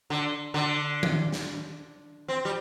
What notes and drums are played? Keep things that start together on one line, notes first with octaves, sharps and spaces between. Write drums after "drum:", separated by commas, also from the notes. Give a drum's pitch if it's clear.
D3
D3
drum: tom D#3
drum: snare
C4
G3